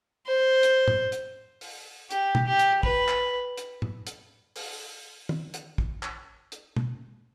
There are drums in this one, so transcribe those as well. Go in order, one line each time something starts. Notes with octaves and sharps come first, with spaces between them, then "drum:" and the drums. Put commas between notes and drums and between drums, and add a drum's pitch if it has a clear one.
C5
drum: hi-hat
drum: tom
drum: hi-hat
drum: open hi-hat
G4, drum: hi-hat
drum: tom
G4
drum: hi-hat
B4, drum: kick
drum: clap
drum: hi-hat
drum: tom
drum: hi-hat
drum: open hi-hat
drum: tom
drum: hi-hat
drum: kick
drum: clap
drum: hi-hat
drum: tom